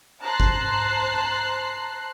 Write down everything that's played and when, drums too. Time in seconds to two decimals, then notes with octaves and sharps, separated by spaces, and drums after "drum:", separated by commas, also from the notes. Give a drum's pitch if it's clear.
0.22 C5 A5 A#5 F#6 C7
0.40 drum: kick G1